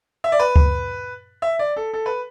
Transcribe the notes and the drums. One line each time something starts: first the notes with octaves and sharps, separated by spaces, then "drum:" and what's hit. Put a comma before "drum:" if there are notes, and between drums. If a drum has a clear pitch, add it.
E5
D5
B4
drum: kick D2
E5
D5
A4
A4
B4